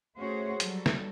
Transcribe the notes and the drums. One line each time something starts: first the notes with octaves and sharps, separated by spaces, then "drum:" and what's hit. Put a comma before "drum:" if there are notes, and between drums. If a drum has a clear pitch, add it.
A3 C#4 F#4 G#4 C5 C#5
F#3 G3 A4, drum: hi-hat
drum: snare